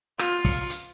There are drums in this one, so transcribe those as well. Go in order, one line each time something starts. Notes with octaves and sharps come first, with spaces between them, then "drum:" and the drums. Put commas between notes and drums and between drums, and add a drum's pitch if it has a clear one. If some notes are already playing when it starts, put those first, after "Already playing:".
F4, drum: rim click
drum: kick, open hi-hat
drum: hi-hat